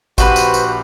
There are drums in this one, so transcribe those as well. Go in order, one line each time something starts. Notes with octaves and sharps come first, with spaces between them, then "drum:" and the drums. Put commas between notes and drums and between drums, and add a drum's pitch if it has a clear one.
A#1 F#4 G4 B4 C5 B5, drum: kick G#1, tambourine
drum: tambourine
drum: tambourine